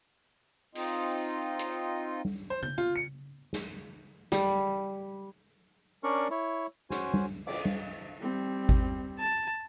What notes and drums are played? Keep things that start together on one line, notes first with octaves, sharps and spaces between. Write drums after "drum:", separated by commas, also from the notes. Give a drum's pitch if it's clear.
C4 D#4 F4 D#5, drum: open hi-hat
drum: hi-hat
drum: tom G3
C5
G6, drum: tom C#3
F4
C#7
drum: snare
G3, drum: snare
C#4 D4 A#4 D5 C#6
E4 C#5
C#4 F#4 C5 G#5, drum: snare
drum: tom G3
D5 D6, drum: cymbal
drum: tom G3
G3 C4
drum: kick G#1
A5